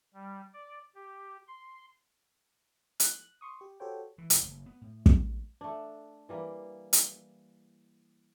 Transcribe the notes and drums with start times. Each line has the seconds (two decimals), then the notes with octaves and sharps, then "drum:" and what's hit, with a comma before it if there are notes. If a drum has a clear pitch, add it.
0.14 G3
0.54 D5
0.95 G4
1.47 C6
3.00 F#6, drum: hi-hat
3.41 C6 C#6 D#6
3.61 G4
3.80 F#4 G4 A4 C5 C#5 G5
4.18 E3
4.30 E1, drum: hi-hat
4.43 F#1
4.66 B3
4.81 A2
5.06 D#3, drum: kick
5.61 A3 D4
6.29 E3 G3 A#3
6.93 drum: hi-hat